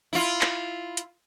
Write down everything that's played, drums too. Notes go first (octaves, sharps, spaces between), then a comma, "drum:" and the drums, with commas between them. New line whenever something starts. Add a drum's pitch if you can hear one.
E4 F4
drum: clap
drum: hi-hat